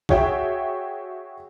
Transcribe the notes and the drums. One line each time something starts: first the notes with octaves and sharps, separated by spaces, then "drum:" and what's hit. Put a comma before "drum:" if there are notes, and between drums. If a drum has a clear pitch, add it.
F#4 G#4 C#5 E5 G5, drum: kick